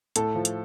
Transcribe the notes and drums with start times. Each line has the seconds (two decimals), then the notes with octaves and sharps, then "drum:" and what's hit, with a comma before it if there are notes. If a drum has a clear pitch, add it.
0.16 A2 A4, drum: hi-hat
0.35 F3
0.45 drum: hi-hat